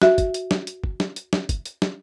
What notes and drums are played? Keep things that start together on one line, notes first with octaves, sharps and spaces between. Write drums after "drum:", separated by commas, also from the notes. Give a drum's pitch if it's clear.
F#4 E5, drum: snare
drum: kick, hi-hat
drum: hi-hat
drum: snare
drum: hi-hat
drum: kick
drum: snare
drum: hi-hat
drum: snare
drum: kick, hi-hat
drum: hi-hat
drum: snare